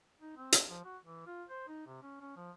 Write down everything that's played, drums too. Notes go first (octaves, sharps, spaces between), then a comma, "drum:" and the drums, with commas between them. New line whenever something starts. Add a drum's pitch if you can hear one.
D#4
C4
drum: hi-hat
F3
F#4
E3
F4
C5
D#4
C3
C#4
C#4
F3